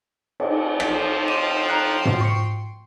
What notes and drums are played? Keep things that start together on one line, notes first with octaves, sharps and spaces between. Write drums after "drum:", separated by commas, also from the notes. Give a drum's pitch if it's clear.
drum: cymbal
F3, drum: rim click
G5 C6 D6 D#7
A#5 F#6
drum: tom
C#6 C#7